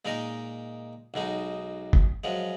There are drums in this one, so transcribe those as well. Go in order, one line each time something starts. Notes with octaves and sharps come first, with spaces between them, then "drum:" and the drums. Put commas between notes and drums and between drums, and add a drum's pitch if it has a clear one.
A#2 G#3 D#4 A#4 D#5
B1 B2 G#3 D#4
drum: kick
F#2 F3 G#3